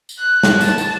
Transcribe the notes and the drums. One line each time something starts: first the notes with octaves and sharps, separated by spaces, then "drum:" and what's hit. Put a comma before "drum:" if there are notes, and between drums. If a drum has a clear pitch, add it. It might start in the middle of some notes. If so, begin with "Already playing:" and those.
drum: tambourine
F#6
drum: snare
A5, drum: tambourine
drum: tambourine